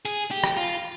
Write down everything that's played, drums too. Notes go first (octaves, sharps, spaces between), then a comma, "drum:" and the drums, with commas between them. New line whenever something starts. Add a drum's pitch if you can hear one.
G#4, drum: hi-hat
G4
drum: rim click
F4